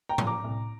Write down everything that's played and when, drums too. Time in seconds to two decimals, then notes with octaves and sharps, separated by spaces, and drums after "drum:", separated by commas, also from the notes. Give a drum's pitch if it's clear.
0.09 G5 A#5
0.18 A#2 F3, drum: tom A2
0.27 A#5 D6
0.44 C2